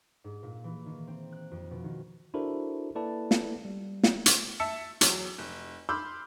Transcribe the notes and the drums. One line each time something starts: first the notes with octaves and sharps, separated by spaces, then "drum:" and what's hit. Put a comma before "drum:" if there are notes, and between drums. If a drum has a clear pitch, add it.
G#2
A#2
E3
D#3
C4
F#6
F2
B2
D#3
D4 E4 F#4 A4 A#4 C5
A#3 E4 A4 B4 D5 A5
drum: snare
G3
drum: snare
drum: hi-hat
E5 A5 E6 C#7
E2 F#3, drum: hi-hat
F1
B5 C6 D6 E6 F6 G6